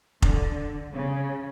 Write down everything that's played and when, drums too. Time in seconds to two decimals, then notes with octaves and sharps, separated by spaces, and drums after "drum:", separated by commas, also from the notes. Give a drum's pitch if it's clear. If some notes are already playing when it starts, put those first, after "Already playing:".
0.22 D3, drum: kick F1
0.93 C#3